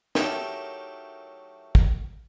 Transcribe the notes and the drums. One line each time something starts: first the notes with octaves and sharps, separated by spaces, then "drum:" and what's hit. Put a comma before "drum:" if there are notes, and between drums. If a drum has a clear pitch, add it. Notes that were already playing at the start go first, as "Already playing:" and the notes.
F#3 A3 D#4 E4 G4 A#4, drum: snare
drum: kick